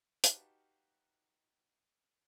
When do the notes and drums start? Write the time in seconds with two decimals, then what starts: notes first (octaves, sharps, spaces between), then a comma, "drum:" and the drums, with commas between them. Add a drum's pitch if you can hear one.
0.24 D#4 F#4 G4 B4 F5 A5, drum: hi-hat